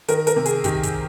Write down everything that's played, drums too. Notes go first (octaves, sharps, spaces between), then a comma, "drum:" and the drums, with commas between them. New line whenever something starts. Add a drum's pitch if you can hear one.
D#3 A#4, drum: hi-hat
A#4, drum: hi-hat
C3
G#4, drum: hi-hat
D#3 G4, drum: kick, hi-hat
drum: kick, hi-hat